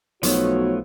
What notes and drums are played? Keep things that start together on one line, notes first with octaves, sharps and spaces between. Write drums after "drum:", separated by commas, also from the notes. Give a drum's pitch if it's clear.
B1 F3 A3 B3 F#4 C#5, drum: hi-hat